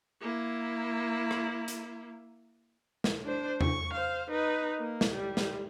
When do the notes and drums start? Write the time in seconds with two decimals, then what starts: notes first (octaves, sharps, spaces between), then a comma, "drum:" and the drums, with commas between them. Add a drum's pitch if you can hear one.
0.21 A#3 E4
1.31 drum: rim click
1.68 drum: hi-hat
3.04 drum: snare
3.24 D4 C5
3.61 C#6, drum: tom E2
3.93 C5 F5
4.30 D#4 B4
4.79 A#3
5.01 drum: snare
5.12 G3
5.37 drum: snare